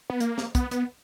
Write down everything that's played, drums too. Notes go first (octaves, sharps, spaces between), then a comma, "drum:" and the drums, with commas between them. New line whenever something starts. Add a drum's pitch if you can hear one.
B3
A#3, drum: hi-hat
drum: snare
B3, drum: kick, hi-hat
B3, drum: hi-hat